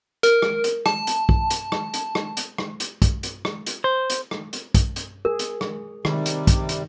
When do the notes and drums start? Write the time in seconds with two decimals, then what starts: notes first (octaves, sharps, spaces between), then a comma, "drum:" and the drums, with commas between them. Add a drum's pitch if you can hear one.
0.23 A#4, drum: hi-hat
0.42 drum: rim click
0.64 drum: hi-hat
0.86 A5, drum: rim click
1.07 drum: hi-hat
1.29 drum: kick
1.50 drum: hi-hat
1.72 drum: rim click
1.94 drum: hi-hat
2.15 drum: rim click
2.37 drum: hi-hat
2.58 drum: rim click
2.80 drum: hi-hat
3.02 drum: kick, hi-hat
3.23 drum: hi-hat
3.45 drum: rim click
3.66 drum: hi-hat
3.84 C5
4.10 drum: hi-hat
4.31 drum: rim click
4.53 drum: hi-hat
4.75 drum: kick, hi-hat
4.96 drum: hi-hat
5.25 G#4 A#4
5.39 drum: hi-hat
5.61 drum: rim click
6.05 C3 D#3 G3, drum: rim click
6.26 drum: hi-hat
6.47 drum: kick, hi-hat
6.69 drum: hi-hat